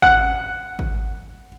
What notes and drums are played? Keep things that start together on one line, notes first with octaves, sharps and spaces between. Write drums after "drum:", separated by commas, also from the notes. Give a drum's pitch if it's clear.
F#5, drum: kick G#1
drum: kick G#1